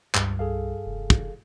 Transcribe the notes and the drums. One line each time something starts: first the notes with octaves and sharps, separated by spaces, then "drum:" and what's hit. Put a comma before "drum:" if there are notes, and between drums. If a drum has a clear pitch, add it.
C#2 G2, drum: clap
C2 G#4 A4 F5
F1
drum: kick